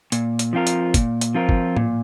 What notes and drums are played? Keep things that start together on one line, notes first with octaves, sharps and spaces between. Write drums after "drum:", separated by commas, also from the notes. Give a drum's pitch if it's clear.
A#2, drum: hi-hat
drum: hi-hat
F3 C4 F4 A#4
drum: hi-hat
A#2, drum: kick G1, hi-hat
drum: hi-hat
F3 C4 F4 A#4
drum: kick G1
A#2, drum: tom A2